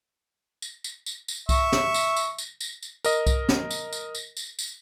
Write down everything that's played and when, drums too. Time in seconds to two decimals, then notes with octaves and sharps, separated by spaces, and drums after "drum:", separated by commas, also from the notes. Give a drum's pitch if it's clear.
0.62 drum: tambourine
0.84 drum: tambourine
1.06 drum: tambourine
1.28 drum: tambourine
1.49 E5 C#6, drum: kick C2, tambourine
1.72 drum: snare
1.94 drum: tambourine
2.16 drum: tambourine
2.38 drum: tambourine
2.60 drum: tambourine
2.82 drum: tambourine
3.05 A#4 D#5, drum: tambourine
3.27 drum: kick C2, tambourine
3.49 drum: snare
3.71 drum: tambourine
3.93 drum: tambourine
4.15 drum: tambourine
4.37 drum: tambourine
4.59 drum: tambourine